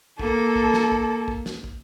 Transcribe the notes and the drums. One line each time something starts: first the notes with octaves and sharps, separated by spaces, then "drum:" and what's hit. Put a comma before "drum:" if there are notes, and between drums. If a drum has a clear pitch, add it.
A#3 A4, drum: kick
drum: kick
drum: snare
drum: kick
drum: kick
drum: snare
drum: kick